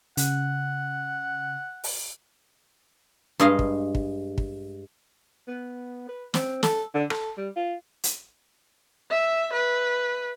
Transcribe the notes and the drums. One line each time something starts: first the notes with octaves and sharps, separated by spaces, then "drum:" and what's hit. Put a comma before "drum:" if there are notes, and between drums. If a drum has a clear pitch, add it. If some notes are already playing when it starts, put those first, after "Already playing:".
C#3 F#5, drum: hi-hat
drum: open hi-hat
G2 G#3 D#5 F5
drum: kick
drum: kick
drum: kick
B3
B4
C4, drum: snare
A4, drum: snare
D3
A4, drum: rim click
G3
F4
drum: hi-hat
E5
B4